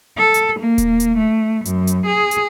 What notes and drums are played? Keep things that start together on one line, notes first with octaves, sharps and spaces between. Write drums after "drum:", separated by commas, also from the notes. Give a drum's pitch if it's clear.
A4
drum: hi-hat
A#3
drum: kick D#1, hi-hat
drum: hi-hat
A3
F#2, drum: hi-hat
drum: hi-hat
G#4
drum: hi-hat